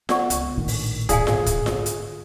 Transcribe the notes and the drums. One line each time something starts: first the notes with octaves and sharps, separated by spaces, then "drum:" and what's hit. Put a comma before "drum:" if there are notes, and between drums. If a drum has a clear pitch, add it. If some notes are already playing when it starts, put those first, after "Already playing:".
B3 D5 F#5 C#6, drum: snare F4
C#2, drum: hi-hat
A#1 A2 D#3 D4
drum: open hi-hat
G#2 D3 G#4 D5 F5 G#5, drum: kick, hi-hat
drum: snare F4
drum: kick, hi-hat
drum: snare F4
drum: hi-hat